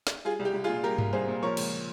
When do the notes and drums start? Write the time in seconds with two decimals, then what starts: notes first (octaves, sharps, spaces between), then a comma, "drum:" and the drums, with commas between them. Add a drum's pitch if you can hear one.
0.07 drum: snare
0.25 G3 F4 G#4
0.39 C2
0.45 G4
0.54 C2
0.64 F4 G#4
0.69 A#2
0.84 G3 G4 A#4
0.98 C2, drum: tom G2
1.13 C2 G#4 C5
1.28 A#2
1.42 F3 A#4 C#5
1.57 C#2, drum: cymbal